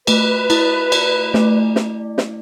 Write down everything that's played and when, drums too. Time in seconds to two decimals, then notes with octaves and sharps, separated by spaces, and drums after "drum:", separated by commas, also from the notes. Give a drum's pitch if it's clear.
0.07 A3 B4, drum: cymbal
0.50 E4, drum: cymbal
0.92 D5, drum: cymbal
1.34 A3, drum: snare
1.76 drum: snare
2.18 drum: snare